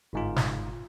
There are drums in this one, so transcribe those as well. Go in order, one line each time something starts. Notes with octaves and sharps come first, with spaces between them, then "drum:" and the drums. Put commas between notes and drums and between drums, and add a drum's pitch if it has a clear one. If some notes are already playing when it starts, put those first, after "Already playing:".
G1 G#2 F4
drum: snare